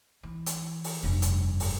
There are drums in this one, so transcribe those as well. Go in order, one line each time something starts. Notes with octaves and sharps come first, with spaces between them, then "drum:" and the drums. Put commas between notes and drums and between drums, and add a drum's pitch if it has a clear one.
E3
drum: hi-hat
drum: open hi-hat
F1 G2
drum: hi-hat
drum: open hi-hat